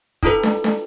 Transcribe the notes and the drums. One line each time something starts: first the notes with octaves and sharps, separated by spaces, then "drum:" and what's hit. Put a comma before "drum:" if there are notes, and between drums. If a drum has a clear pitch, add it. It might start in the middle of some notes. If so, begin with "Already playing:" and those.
D4 E4 F4 A4 B4, drum: kick, hi-hat
drum: snare
drum: snare